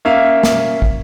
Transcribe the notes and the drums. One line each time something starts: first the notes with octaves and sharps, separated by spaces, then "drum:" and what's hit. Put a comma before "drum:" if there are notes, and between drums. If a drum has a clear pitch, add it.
A#3 C#4 E5 F5
drum: snare
drum: kick